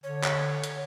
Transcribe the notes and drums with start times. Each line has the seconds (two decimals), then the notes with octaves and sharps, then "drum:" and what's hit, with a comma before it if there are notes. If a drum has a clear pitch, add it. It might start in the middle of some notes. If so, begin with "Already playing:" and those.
0.04 D3 C#5
0.24 drum: clap
0.64 drum: hi-hat